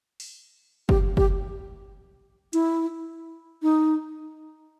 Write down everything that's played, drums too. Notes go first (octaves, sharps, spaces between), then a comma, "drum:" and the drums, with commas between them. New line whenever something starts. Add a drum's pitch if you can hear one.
drum: open hi-hat
G4, drum: kick
G4, drum: kick
E4, drum: hi-hat
D#4